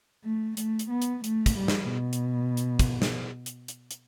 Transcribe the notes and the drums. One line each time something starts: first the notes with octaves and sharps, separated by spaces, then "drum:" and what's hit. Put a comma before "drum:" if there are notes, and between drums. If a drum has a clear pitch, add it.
A3
A3, drum: hi-hat
drum: hi-hat
B3
drum: hi-hat
A3, drum: hi-hat
drum: kick, hi-hat
G3
drum: snare
B2
drum: hi-hat
drum: hi-hat
drum: kick, hi-hat
drum: snare
drum: hi-hat
drum: hi-hat
drum: hi-hat